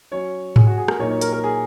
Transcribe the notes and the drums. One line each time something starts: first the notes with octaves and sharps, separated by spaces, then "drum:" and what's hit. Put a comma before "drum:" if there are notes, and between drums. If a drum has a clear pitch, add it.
F#3 C#4 C#5
G#4, drum: tom G#2
F#4
G#4
A#4, drum: rim click
A#2 F#3 A#3 D#4 C#5
C#5
A#4, drum: hi-hat
A#4
G#4